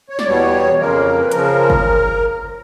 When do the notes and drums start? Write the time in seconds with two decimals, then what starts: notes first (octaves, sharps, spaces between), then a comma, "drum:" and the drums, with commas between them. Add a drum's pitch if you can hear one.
0.09 C#5
0.19 D5, drum: snare
0.27 E2 B2 G3 C#5
0.79 F2 C#3 F3 A#3 A#4
1.22 B4
1.32 C#3 F3 A#4, drum: hi-hat
1.70 drum: kick G1